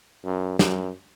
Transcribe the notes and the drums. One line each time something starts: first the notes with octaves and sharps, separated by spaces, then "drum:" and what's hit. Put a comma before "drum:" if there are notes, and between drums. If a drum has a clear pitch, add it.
F#2
F#2, drum: snare